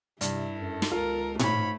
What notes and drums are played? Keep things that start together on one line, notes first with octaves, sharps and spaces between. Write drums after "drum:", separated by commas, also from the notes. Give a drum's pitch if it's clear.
G2 C3 E4, drum: hi-hat
F#2 A4
drum: snare
C#2 F4 A#4
G#2 A3 C#5 B5, drum: tom A2